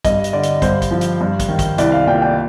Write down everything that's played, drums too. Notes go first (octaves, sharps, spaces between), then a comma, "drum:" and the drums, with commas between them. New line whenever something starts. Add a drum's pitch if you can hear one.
G2 D#5, drum: kick, hi-hat
drum: hi-hat
D3 D5
drum: hi-hat
G2 C5, drum: kick, hi-hat
drum: kick, hi-hat
F3
drum: hi-hat
G2
drum: kick, hi-hat
D#3
drum: kick, hi-hat
C2 D5, drum: hi-hat
F5
A#2 G5
G5